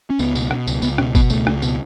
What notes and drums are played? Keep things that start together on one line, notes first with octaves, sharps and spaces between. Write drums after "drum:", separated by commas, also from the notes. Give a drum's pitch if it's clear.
C#4
C#2 B3, drum: tambourine
B2, drum: tambourine
B2, drum: rim click
C#2, drum: tambourine
C#2 B3, drum: tambourine
B2 C#4, drum: rim click
B2 B3, drum: kick G1, tambourine
C#2 A3, drum: tambourine
C#2, drum: rim click
B2, drum: tambourine